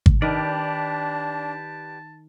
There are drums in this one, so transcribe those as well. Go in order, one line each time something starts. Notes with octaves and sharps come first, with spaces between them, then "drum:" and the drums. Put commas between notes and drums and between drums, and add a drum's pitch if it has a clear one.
drum: kick
D#3 D4 G4 B4 D5 A5